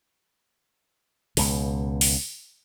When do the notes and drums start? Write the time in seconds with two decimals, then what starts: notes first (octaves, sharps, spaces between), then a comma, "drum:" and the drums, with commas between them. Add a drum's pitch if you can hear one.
1.37 C#2 B2, drum: open hi-hat
2.01 drum: open hi-hat